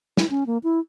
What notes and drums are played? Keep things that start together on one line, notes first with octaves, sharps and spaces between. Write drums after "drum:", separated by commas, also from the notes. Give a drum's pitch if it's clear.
E4, drum: snare
C#4
A#3
E4